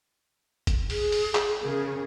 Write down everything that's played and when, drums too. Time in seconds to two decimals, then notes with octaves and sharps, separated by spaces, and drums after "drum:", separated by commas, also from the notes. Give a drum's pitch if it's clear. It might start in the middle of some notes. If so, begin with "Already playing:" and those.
0.67 drum: kick F#1, hi-hat
0.90 G#4, drum: open hi-hat
1.12 drum: open hi-hat
1.35 drum: clap
1.62 C#3 G#4 A#4